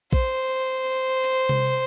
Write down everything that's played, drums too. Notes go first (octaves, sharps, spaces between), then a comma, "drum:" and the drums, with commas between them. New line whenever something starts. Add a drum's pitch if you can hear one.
C5, drum: kick
drum: hi-hat
drum: tom C3